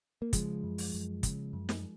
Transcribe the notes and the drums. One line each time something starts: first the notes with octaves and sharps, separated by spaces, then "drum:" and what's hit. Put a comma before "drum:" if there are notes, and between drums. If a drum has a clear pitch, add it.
A#3
C#3 F3 G#3, drum: kick, hi-hat
F#2
drum: open hi-hat
F#2
C#3, drum: kick, hi-hat
F#2
drum: snare